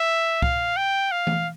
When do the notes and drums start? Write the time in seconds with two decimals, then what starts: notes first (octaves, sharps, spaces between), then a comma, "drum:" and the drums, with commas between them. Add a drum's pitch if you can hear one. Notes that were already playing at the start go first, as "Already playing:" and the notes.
Already playing: E5
0.42 F5, drum: kick C2
0.77 G5
1.12 F5
1.27 drum: tom E3